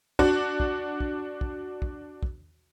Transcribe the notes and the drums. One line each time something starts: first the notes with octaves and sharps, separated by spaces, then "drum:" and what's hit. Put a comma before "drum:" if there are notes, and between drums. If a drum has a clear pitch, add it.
D4 F#4, drum: kick
drum: kick
drum: kick
drum: kick
drum: kick
drum: kick